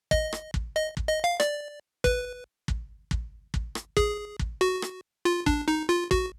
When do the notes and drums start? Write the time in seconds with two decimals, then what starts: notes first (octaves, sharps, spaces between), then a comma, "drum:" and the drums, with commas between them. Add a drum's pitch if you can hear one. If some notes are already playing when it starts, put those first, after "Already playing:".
0.11 D#5, drum: kick
0.32 drum: rim click
0.54 drum: kick
0.76 D#5
0.97 drum: kick
1.08 D#5
1.24 F5
1.40 D5, drum: rim click
2.04 B4, drum: kick
2.68 drum: kick
3.11 drum: kick
3.54 drum: kick
3.75 drum: rim click
3.97 G#4, drum: kick
4.39 drum: kick
4.61 F#4
4.82 drum: rim click
5.25 F4
5.46 D4, drum: kick
5.68 D#4
5.89 F4
6.11 F#4, drum: kick